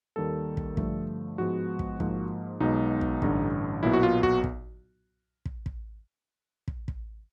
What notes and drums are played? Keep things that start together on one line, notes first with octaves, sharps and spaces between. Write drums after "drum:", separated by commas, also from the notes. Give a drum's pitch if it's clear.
D#2 D#3 G3 A#3 A4
drum: kick
G2 D3 F3 A3, drum: kick
G#2 F3 G#3 B3 F#4
drum: kick
G#2 F3 A#3, drum: kick
B1 B2 G#3 B3 D#4
drum: kick
A1 G2 D3, drum: kick
B1 A#2 F#3 B3 E4
F#4
F4
F#4, drum: kick
drum: kick
drum: kick
drum: kick
drum: kick
drum: kick